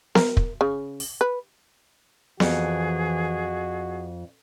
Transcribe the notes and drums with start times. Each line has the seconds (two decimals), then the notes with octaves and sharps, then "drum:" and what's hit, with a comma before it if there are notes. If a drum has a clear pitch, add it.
0.15 A#4, drum: snare B3
0.37 drum: kick
0.61 C#3
1.00 drum: open hi-hat
1.21 B4
2.40 F2 E3 F#4 G#4, drum: snare B3